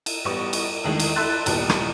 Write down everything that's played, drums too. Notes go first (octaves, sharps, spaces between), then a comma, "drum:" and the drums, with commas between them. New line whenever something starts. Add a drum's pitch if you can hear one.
drum: cymbal
A1 G3 B3 C#6
drum: cymbal
E2 D3 D#3 G#3 A3
drum: cymbal
E4 A4 E5 C6 F#6 A6
D#2 A#2 G3 B3 A5, drum: cymbal
drum: rim click